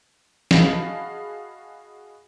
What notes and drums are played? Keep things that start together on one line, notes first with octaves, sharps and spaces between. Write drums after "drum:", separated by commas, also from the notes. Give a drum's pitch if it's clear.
F#4 G#4 D#5 F5 A5 B5, drum: snare